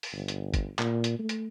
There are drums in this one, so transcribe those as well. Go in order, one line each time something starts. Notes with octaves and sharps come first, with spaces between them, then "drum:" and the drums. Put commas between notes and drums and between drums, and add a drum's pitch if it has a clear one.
drum: open hi-hat
G1
drum: hi-hat
drum: kick, hi-hat
A#2, drum: clap
drum: hi-hat
A3
drum: hi-hat